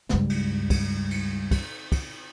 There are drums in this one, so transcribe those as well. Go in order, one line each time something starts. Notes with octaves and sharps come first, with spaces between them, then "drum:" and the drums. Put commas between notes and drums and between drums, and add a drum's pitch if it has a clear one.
C#2 G2, drum: snare
drum: cymbal
drum: kick, cymbal
drum: cymbal
drum: kick, cymbal
drum: kick, cymbal